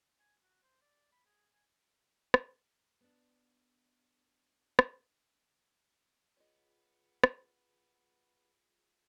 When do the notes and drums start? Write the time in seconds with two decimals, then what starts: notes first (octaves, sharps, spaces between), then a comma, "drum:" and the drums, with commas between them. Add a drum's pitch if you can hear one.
0.20 G#5
0.43 F#4
0.63 C5
0.82 D5
1.12 B5
1.26 G#4
1.54 G#5
2.34 drum: rim click
3.01 B3 D4
4.79 drum: rim click
6.37 B3 F4 G#4 C#5 D#5
7.24 drum: rim click